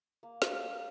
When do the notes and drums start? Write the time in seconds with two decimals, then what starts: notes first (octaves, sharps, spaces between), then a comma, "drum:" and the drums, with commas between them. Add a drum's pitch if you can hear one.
0.23 A#3
0.42 drum: snare